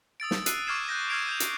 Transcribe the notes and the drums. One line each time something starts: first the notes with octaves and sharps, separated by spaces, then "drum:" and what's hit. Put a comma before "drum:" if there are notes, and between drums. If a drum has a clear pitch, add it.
D#6 E6 A6 D7
drum: snare
E6 F#6 C7 D#7, drum: hi-hat
C#6 D6 F6 G#6 C7 E7
F#6 G6 A#6
E6 F6 G#6 C7 D7 F7
G6 F7
drum: hi-hat